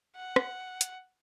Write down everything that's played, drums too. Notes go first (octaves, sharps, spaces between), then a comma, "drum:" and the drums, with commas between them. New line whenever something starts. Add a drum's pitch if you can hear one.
F#5
drum: rim click
drum: hi-hat